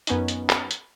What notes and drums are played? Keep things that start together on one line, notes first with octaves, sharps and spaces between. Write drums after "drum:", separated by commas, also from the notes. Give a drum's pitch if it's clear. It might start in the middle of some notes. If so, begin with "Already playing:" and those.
F#2 B3 C#4 D#4, drum: hi-hat
drum: hi-hat
drum: clap
drum: hi-hat